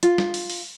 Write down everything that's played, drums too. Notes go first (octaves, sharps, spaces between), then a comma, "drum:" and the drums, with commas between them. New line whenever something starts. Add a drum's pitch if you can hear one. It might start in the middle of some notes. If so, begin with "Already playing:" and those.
F4, drum: hi-hat
drum: snare
drum: open hi-hat
drum: open hi-hat